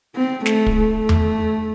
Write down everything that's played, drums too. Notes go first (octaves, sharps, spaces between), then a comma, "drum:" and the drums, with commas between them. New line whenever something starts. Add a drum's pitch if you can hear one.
C4
A3, drum: snare
drum: kick
A3
drum: tom E2